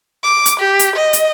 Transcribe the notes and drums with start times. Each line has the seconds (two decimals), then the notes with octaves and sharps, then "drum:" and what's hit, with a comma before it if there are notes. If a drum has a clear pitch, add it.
0.24 D6
0.46 drum: hi-hat
0.60 G4
0.79 drum: hi-hat
0.96 D#5
1.13 drum: hi-hat